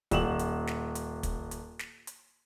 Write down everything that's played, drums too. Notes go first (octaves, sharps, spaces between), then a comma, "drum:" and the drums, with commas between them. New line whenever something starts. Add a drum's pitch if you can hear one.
D#1 E7 F#7, drum: kick, hi-hat
drum: hi-hat
drum: snare
drum: hi-hat
drum: kick, hi-hat
drum: hi-hat
drum: snare
drum: hi-hat